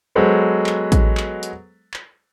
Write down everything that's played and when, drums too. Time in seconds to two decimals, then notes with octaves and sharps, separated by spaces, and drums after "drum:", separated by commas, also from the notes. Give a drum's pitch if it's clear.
0.15 F#3 G#3 B3 A4 B4 C5
0.66 drum: clap
0.92 drum: kick, hi-hat
1.17 drum: clap
1.43 drum: hi-hat
1.94 drum: clap